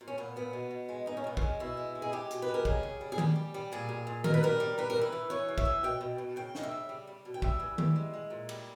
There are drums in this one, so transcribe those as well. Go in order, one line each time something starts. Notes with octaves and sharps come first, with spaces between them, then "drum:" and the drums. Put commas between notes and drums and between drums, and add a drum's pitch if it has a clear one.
A#2
C#4
A#2 B3
A#2 B3
B2
B2
G#3
G#3 D#4
C#4
A#2 B3
G#3 C#4, drum: kick
B2 E4
G#3
G#3
G#4
G#3 G4
B2, drum: hi-hat
B4
G#3
A#4
C#3 G#4, drum: kick
C#3
G3
G#4
G3 G4, drum: tom D#3
G3
G3
A#2 G#4
A#2
A#2
B2 A#4, drum: tom D#3
B4
G3 A#4
G3
G3 B4
A#4
E3
B4
E3
E3 C#5
C#3
E5, drum: kick
E3
B2 G5
B2
B2
C#3 G5
C#3 D#5, drum: snare
E5
C#3
G3
G3
B2
G5
G3 E5, drum: kick
E3
G3, drum: tom D#3
G#3
G#3
A#2
G3, drum: cymbal